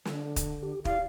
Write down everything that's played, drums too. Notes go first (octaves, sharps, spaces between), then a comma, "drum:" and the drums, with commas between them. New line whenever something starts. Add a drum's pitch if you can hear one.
D3, drum: snare
drum: kick, hi-hat
G4
E4 G4 D5 F5, drum: kick